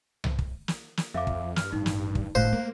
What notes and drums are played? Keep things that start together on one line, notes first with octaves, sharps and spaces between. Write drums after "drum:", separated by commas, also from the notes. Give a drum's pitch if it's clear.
drum: tom C2
drum: kick
drum: snare
drum: snare
F2 E5 F5 D6
drum: kick
G2 F6, drum: snare
A1 D#4
drum: snare
drum: kick
G1 A2 C5 F5 F#6
A3 A#3